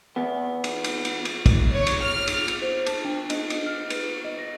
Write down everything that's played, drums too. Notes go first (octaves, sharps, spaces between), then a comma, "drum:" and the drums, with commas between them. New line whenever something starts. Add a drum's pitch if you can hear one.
E2 B3
drum: cymbal
drum: cymbal
drum: cymbal
drum: cymbal
drum: kick, cymbal
C#5
drum: cymbal
F6
drum: cymbal
drum: cymbal
C5
A5, drum: cymbal
D4
D#5, drum: cymbal
drum: cymbal
F6
B4, drum: cymbal
D#5
A#6